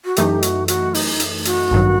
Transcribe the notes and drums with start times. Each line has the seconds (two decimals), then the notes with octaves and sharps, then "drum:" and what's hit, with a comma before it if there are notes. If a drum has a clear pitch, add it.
0.05 F#4
0.16 F#2 E3 A3 D#4 G4, drum: hi-hat
0.42 F#4, drum: hi-hat
0.68 F#4, drum: hi-hat
0.94 D#4, drum: open hi-hat
1.20 drum: hi-hat
1.45 F#4, drum: hi-hat
1.71 A1 G2 D#3 F#3